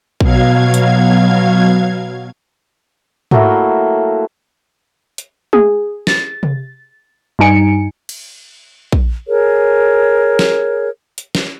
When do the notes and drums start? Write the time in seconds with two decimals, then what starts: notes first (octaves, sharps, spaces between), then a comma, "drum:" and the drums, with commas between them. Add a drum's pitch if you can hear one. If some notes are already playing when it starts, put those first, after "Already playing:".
0.20 B2 F#3 F5 G#6, drum: kick A#1
0.74 drum: hi-hat
3.31 F#3 A3 A#3 E4, drum: tom G#2
5.18 drum: hi-hat
5.53 G#4, drum: tom G#3
6.07 A6, drum: snare
6.43 drum: tom C3
7.39 G2 G3 D#4 G#5 C#7 D7
8.09 drum: cymbal
8.92 drum: kick A#1
9.27 G#4 A#4 C#5
10.39 drum: snare
11.18 drum: hi-hat
11.35 drum: snare